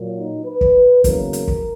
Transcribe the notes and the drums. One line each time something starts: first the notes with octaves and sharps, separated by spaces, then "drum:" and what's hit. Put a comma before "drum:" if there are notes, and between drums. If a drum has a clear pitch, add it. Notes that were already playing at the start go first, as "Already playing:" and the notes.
Already playing: A#2 F#3 A#3
D#4
B4
drum: kick
E2 C#3 F#3 A#3 A#4, drum: kick, hi-hat
drum: hi-hat
drum: kick